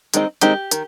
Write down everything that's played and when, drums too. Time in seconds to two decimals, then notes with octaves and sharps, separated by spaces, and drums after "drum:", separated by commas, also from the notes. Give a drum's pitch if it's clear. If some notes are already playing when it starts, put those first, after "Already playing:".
0.14 D#3 G#3 C4 D#4, drum: hi-hat
0.41 D#3 G#3 C4 D#4 G4, drum: hi-hat
0.71 D#3, drum: hi-hat